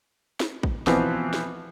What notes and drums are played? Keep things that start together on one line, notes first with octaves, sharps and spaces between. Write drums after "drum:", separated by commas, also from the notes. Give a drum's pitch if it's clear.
drum: snare
drum: kick
B2 E3 F3 B3 C4, drum: snare
drum: snare